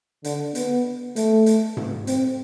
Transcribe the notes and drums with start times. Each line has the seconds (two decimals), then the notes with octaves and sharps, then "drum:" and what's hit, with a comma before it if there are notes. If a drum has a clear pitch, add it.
0.24 D3, drum: hi-hat
0.55 B3, drum: hi-hat
1.16 A3, drum: hi-hat
1.46 drum: hi-hat
1.77 drum: tom G#2
2.07 C4, drum: hi-hat